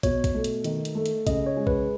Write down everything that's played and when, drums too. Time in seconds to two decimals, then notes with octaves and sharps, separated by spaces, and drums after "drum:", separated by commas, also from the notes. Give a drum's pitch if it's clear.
0.03 B2 C#5, drum: kick, hi-hat
0.24 drum: kick, hi-hat
0.34 A3
0.44 drum: hi-hat
0.64 D#3, drum: hi-hat
0.85 drum: hi-hat
0.95 A3
1.06 drum: hi-hat
1.27 C#3 D#5, drum: kick, hi-hat
1.46 C#5
1.57 G#3
1.67 B4, drum: kick